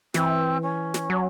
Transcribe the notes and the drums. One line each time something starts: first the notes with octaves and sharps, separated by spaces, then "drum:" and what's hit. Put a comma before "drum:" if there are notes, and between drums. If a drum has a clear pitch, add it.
E3 C4, drum: snare
C#4
drum: snare
F#3